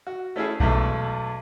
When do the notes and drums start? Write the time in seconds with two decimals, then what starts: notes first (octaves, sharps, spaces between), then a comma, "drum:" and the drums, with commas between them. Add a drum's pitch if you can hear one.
0.07 F#4
0.36 A3 C#4 E4 G#4
0.60 B1 E2 G#3 A3, drum: kick B1